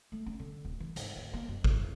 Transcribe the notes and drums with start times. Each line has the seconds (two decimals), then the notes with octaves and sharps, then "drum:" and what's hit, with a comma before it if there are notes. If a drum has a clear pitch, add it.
0.12 A3
0.26 C#4
0.39 D3
0.65 D1
0.80 E3
0.96 G#2, drum: hi-hat
1.16 D2
1.34 A#3
1.48 F#2
1.64 A2, drum: kick
1.81 F2